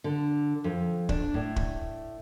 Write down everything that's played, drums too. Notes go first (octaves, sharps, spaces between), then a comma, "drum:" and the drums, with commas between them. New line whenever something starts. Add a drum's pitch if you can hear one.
D3
F2
D4, drum: kick
A2
drum: kick